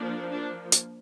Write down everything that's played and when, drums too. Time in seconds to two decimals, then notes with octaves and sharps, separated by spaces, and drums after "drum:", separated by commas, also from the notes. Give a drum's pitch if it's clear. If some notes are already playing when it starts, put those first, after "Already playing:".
Already playing: F3 A#3 D4
0.30 D4
0.72 drum: hi-hat